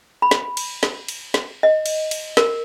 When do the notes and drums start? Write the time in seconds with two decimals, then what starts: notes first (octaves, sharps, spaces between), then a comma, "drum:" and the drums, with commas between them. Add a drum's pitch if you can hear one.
0.22 B5
0.31 drum: snare
0.57 drum: cymbal
0.83 drum: snare
1.08 drum: cymbal
1.34 drum: snare
1.63 D#5
1.86 drum: cymbal
2.11 drum: cymbal
2.37 A#4, drum: snare